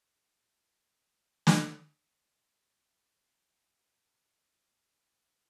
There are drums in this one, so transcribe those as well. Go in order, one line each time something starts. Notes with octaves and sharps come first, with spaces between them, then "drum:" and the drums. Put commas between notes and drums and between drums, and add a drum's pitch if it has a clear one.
B4 D#5
A4
drum: snare
G#2 D3
C4
A#1
G#1 F#2
F#1